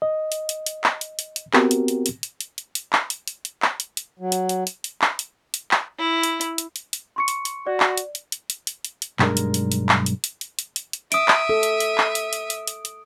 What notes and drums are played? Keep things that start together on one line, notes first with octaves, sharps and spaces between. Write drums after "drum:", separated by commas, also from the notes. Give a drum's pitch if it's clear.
D#5
drum: hi-hat
drum: hi-hat
drum: hi-hat
drum: clap
drum: hi-hat
drum: hi-hat
drum: hi-hat
B3 C4 F#4 G4 A#4, drum: clap
drum: hi-hat
drum: hi-hat
drum: hi-hat
drum: hi-hat
drum: hi-hat
drum: hi-hat
drum: hi-hat
drum: clap
drum: hi-hat
drum: hi-hat
drum: hi-hat
drum: clap
drum: hi-hat
drum: hi-hat
F#3
drum: hi-hat
drum: hi-hat
drum: hi-hat
drum: hi-hat
drum: clap
drum: hi-hat
drum: hi-hat
drum: clap
E4
drum: hi-hat
drum: hi-hat
drum: hi-hat
drum: hi-hat
drum: hi-hat
C6 C#6 C#7
drum: hi-hat
drum: hi-hat
F#4 D5
drum: clap
drum: hi-hat
drum: hi-hat
drum: hi-hat
drum: hi-hat
drum: hi-hat
drum: hi-hat
drum: hi-hat
B1 G2 G#3 D4 A#4, drum: clap
drum: hi-hat
drum: hi-hat
drum: hi-hat
drum: clap
drum: hi-hat
drum: hi-hat
drum: hi-hat
drum: hi-hat
drum: hi-hat
drum: hi-hat
E5 D#6 D7 D#7, drum: hi-hat
drum: clap
A4
drum: hi-hat
drum: hi-hat
drum: clap
drum: hi-hat
drum: hi-hat
drum: hi-hat
drum: hi-hat
drum: hi-hat